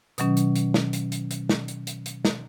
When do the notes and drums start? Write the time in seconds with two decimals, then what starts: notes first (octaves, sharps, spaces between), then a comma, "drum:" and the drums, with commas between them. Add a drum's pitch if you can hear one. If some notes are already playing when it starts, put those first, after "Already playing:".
0.18 B2 D#3 F#3 C#4, drum: hi-hat
0.37 drum: hi-hat
0.56 drum: hi-hat
0.74 drum: snare
0.93 drum: hi-hat
1.12 drum: hi-hat
1.31 drum: hi-hat
1.49 drum: snare
1.68 drum: hi-hat
1.87 drum: hi-hat
2.06 drum: hi-hat
2.25 drum: snare